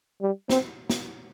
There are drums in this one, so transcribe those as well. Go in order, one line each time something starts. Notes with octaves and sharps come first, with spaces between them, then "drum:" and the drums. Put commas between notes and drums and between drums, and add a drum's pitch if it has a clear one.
G3
C4, drum: snare
drum: snare